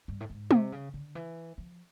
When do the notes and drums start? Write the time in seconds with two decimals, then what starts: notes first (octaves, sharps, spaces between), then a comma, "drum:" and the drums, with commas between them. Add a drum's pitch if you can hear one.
0.08 G2
0.20 A2
0.30 G#2
0.51 C3, drum: tom
0.72 C#3
0.94 D3
1.15 E3
1.58 F3